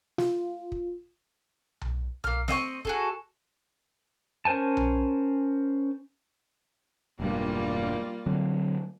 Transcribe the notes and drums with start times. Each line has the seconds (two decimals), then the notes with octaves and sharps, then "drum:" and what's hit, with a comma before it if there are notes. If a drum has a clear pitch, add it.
0.18 F4, drum: snare
0.72 drum: kick
1.81 drum: tom B1
2.24 A#3 F6, drum: tom B1
2.48 C4 D#5 G5 C#6, drum: snare
2.85 F#4 G#4 A4, drum: kick
4.45 C#4 A#4 C5 G#5 A5
4.77 drum: tom B1
7.20 E1 G2 G3 A#3 F4
8.26 D3 F#3 C4